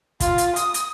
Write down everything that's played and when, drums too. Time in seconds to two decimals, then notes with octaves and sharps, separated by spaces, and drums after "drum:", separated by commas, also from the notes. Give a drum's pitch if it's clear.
0.20 F4, drum: kick, hi-hat
0.38 drum: hi-hat
0.56 D#6, drum: hi-hat
0.74 drum: hi-hat